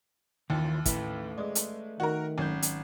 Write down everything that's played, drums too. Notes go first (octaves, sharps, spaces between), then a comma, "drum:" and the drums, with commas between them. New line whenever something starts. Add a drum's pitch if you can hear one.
D#2 D#3 E3 F4 A6 C#7
A2 A3 E4 B4, drum: kick, hi-hat
G#3 D5 D#5
drum: hi-hat
D#3 F#4 A#4
G#1 F#3 C#4 G6
drum: hi-hat